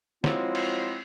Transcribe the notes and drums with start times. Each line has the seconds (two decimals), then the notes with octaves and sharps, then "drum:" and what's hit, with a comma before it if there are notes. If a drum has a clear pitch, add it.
0.24 F3 F#3 G#3 C4 E4 F4, drum: snare
0.55 drum: cymbal